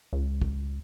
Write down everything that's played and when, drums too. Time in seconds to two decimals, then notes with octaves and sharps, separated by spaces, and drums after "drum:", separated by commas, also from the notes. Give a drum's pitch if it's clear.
0.13 C#2
0.42 drum: kick